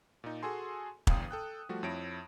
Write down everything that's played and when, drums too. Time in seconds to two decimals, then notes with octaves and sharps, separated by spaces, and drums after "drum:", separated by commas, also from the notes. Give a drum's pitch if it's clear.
0.24 A#2 D#4
0.43 F#4 G#4 A4 G#5 C6
1.07 G1 E2 F5 G5 D#6, drum: kick
1.31 A4 G5 F#6
1.69 F3 G3 A3 F#4
1.83 F2 E4 C#5 A#6 D7